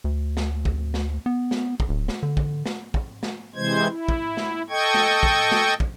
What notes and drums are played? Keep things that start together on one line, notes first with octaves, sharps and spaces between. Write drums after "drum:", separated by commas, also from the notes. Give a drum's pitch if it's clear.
D2
drum: snare
drum: kick
drum: snare
B3
drum: snare
drum: kick
D1
drum: snare
D3
drum: kick
drum: snare
drum: kick
drum: snare
C3 E3 G#3 C5 G#6
E4
drum: kick
drum: snare
A4 D#5 G5 C#6 G#6
drum: snare
drum: kick
drum: snare
drum: kick